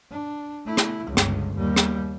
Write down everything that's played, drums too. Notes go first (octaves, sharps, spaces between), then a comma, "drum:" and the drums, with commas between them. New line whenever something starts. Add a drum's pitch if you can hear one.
D4
A3 E4
drum: rim click
G1 C#2
drum: rim click
D#2 G3
drum: rim click